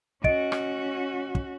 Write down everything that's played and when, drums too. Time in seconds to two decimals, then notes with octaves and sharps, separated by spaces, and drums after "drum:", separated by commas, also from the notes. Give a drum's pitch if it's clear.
0.24 C#4 F#4 D#5 D7, drum: kick
0.52 drum: rim click
1.35 drum: kick